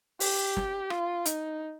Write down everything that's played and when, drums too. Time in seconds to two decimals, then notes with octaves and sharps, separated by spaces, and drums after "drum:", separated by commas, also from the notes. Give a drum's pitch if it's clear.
0.20 G4, drum: open hi-hat
0.56 drum: snare
0.90 F4, drum: rim click
1.25 D#4, drum: hi-hat